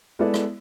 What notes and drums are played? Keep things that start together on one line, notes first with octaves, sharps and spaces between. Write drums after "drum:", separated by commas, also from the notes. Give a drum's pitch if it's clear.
G#3 B3 E4 A4 D5
drum: rim click